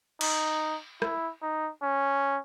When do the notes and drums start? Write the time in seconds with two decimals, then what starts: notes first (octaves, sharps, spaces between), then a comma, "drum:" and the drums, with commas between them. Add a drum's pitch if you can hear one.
0.21 D#4, drum: cymbal
1.02 E4, drum: rim click
1.42 D#4
1.82 C#4